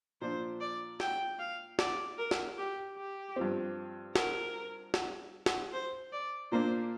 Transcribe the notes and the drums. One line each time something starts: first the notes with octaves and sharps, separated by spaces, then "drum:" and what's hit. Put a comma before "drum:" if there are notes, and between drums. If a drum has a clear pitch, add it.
A#2 F3 D4 C5
D5
G5, drum: snare
F5
D5, drum: snare
A#4
drum: snare
G4
G4
G2 F3 C4
A#4, drum: snare
drum: snare
drum: snare
C5
D5
A#2 A#3 D4 C5